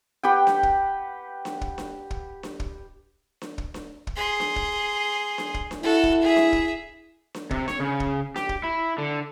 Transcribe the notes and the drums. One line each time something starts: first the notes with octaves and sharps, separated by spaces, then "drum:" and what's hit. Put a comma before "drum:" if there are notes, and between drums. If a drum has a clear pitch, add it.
G4 B4 F#5 G5
drum: snare D4
drum: kick
drum: snare D4
drum: kick
drum: snare D4
drum: kick
drum: snare D4
drum: kick
drum: snare D4
drum: kick
drum: snare D4
drum: kick
G#4 C6
drum: snare D4
drum: kick
drum: snare D4
drum: kick
drum: snare D4
E4 F#4 A4
drum: kick
G#4 E5
drum: snare D4
drum: kick
drum: snare D4
C3, drum: kick
C#5, drum: snare D4
C#3
drum: kick
G4, drum: snare D4
drum: kick
E4
D3